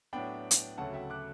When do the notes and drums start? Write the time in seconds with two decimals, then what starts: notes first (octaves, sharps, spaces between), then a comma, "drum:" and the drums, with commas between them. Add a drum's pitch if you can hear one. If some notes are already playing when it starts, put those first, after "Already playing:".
0.13 A2 F#3 B3 D4 G5 B5
0.51 drum: hi-hat
0.78 D2 C#3 F#3 A3 F#5 A5
0.94 E5 G5
1.10 D6 F#6